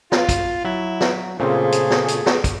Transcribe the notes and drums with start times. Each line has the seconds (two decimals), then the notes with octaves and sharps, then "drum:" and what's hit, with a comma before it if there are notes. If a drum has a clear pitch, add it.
0.12 F4, drum: snare
0.29 drum: kick, hi-hat
0.65 F#3 E4
1.00 drum: snare
1.40 A#2 C#3 A3 C4 G#4 C5
1.72 drum: hi-hat
1.90 drum: snare
2.08 drum: hi-hat
2.26 drum: snare
2.44 drum: kick, hi-hat